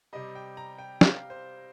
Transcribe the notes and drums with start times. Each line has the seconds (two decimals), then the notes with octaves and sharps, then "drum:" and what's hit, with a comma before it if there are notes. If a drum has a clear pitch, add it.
0.13 C3 G3 D#5
0.35 G5
0.57 A#5
0.78 G5
1.01 F5, drum: snare
1.30 C5